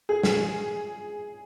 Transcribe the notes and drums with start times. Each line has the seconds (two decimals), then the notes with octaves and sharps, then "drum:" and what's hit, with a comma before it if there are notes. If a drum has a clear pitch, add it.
0.09 G#4
0.23 G#4, drum: snare